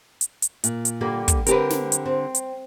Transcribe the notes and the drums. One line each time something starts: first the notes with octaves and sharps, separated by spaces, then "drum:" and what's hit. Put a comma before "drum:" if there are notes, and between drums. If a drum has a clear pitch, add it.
drum: hi-hat
drum: hi-hat
A#2, drum: hi-hat
drum: hi-hat
D3 G3 A#3
drum: kick, hi-hat
D3 C4 G4 A#4 B4, drum: hi-hat
drum: snare
drum: hi-hat
C4
drum: hi-hat